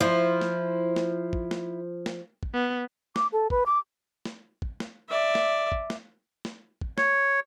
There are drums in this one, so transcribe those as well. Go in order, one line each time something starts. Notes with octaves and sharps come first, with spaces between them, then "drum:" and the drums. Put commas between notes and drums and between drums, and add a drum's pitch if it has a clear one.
F3 E4 C5
drum: snare
drum: snare
drum: kick
drum: snare
drum: snare
drum: kick
B3
D6, drum: snare
A4
B4, drum: kick
D6
drum: snare
drum: kick
drum: snare
D5 E5
drum: snare
drum: kick
drum: snare
drum: snare
drum: kick
C#5, drum: snare